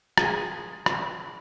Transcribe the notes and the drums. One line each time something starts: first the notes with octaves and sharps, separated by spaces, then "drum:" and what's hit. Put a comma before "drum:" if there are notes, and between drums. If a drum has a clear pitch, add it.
F3 G#4 G5, drum: rim click
drum: rim click